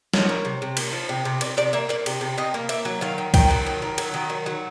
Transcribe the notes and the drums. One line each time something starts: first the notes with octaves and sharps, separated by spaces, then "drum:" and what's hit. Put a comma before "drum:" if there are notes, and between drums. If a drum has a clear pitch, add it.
F3 C#5, drum: snare
A#3
C3
C3
A#3, drum: cymbal
F3
C3
C3
C3 D5, drum: cymbal
C3 D5
A#3 E5
A#3 D5
C3, drum: cymbal
C3
C3 D#5
A#3
A#3 E5, drum: cymbal
F#3
D#3 F5
D#3
D#3 G5, drum: kick C#2, cymbal
F#3
D#3
D#3
F#3, drum: cymbal
D#3
F#3
F#3